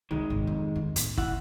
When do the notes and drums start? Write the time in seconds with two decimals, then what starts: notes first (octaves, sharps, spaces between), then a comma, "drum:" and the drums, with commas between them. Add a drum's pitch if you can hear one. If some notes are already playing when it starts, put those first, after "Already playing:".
0.11 C2 D#3 G#3
0.30 G#1
0.47 F2
0.76 F2
0.96 A2 C3, drum: hi-hat
1.17 E4 F#5, drum: kick